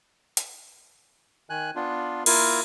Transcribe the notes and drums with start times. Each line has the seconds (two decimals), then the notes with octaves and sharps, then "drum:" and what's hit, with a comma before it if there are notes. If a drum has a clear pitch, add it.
0.37 drum: hi-hat
1.50 D#3 G#5 F#6
1.76 B3 D4 F4
2.26 A#3 E4 F4 A#4, drum: cymbal